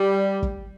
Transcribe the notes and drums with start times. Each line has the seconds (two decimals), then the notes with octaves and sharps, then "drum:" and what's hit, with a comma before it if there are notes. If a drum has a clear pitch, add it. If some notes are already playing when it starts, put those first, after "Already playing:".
Already playing: G3
0.43 drum: kick